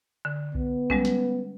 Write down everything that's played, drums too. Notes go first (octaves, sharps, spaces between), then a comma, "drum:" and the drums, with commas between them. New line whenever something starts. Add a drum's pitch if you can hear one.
D3
B3, drum: kick B1
G3 G#3 C#4, drum: kick B1
drum: snare